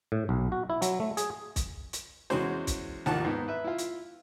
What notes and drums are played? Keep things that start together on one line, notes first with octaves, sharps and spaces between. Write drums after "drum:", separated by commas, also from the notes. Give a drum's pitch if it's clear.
A2
B1
F#4
E4
F#3, drum: hi-hat
A3
G#4, drum: hi-hat
drum: kick, hi-hat
drum: hi-hat
E2 G#3 C#4 F#4 C5, drum: snare
drum: kick, hi-hat
A1 D#2 D#3 F3 F#5 A5, drum: snare
G#2 B3
B4 E5
E4 F4
drum: hi-hat